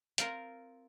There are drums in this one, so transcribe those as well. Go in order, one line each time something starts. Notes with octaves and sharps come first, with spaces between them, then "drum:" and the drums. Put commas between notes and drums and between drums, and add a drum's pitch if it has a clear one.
C4 F4 A#4, drum: hi-hat